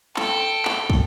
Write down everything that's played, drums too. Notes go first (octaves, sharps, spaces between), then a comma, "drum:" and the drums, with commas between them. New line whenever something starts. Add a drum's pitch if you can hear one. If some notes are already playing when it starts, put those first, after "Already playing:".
A4 G5, drum: clap
drum: clap
drum: kick